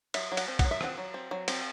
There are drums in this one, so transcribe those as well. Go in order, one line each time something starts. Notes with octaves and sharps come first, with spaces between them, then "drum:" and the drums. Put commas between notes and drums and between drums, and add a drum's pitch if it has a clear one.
F#3 E5, drum: cymbal
F#3
F#5, drum: cymbal
C4
F#5, drum: kick, cymbal
F#3
E5
C4 F#5, drum: rim click
F#3
C4
F#3
C4, drum: cymbal